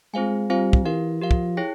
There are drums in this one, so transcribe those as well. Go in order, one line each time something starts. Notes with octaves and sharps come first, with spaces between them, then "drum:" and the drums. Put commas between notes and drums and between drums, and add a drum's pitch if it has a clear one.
G#3 C4 F4 C5 F5 G#5
G3 C4 F4 C5 F5 G#5
drum: kick
E3 G4 A#4 F5
F3 G4 A#4 F5
drum: kick
E4 G#4 C#5 G5